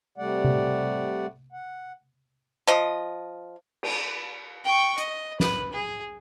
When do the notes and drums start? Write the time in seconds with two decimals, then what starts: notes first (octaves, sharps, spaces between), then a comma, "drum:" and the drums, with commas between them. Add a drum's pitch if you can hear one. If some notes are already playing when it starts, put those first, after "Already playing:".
0.18 C3 G3 A3 D5 F#5
0.44 drum: tom C3
1.52 F#5
2.67 F3 D#5
3.83 drum: cymbal
4.65 G5 C#6
4.98 D#5, drum: hi-hat
5.40 B4, drum: snare
5.73 G#4